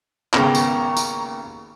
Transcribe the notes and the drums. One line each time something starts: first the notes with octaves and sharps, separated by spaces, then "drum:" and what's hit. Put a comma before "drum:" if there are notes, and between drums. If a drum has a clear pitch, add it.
G#1 C#3 A#3 B3 G4 A#5 C#6, drum: clap
drum: tambourine
drum: tambourine